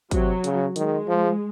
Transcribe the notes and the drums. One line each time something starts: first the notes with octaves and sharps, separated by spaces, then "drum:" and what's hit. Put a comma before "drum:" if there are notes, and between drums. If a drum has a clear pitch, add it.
C3 F#3, drum: kick, hi-hat
C#3, drum: hi-hat
D#3 G#3, drum: hi-hat
F3